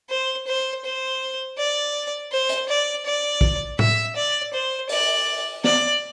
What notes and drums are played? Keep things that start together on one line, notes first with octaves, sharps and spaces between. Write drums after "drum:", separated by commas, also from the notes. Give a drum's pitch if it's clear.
C5
C5
C5
D5
C5
drum: hi-hat
D5
D5
drum: kick
E5, drum: tom
D5
C5
D5, drum: open hi-hat
D5, drum: snare B3